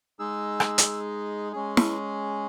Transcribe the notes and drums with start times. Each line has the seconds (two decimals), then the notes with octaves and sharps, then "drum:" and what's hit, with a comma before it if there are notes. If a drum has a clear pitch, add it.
0.19 G#3 D#4 G#4 E6
0.60 drum: rim click
0.78 drum: hi-hat
1.52 G#3 C#4 G#4
1.77 drum: snare